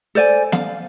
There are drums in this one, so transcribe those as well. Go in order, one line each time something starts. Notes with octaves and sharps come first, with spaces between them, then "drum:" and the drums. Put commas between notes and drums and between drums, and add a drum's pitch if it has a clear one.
A4 C5 D5 G#5
F5, drum: snare